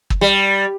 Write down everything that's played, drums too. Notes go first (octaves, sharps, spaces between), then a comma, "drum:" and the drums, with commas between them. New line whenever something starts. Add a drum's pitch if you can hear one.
drum: kick
G3